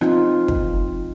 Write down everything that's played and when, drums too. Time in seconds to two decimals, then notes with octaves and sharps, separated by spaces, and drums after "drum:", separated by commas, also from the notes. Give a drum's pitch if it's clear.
0.01 F3 C4 D#4 F4, drum: rim click
0.48 drum: kick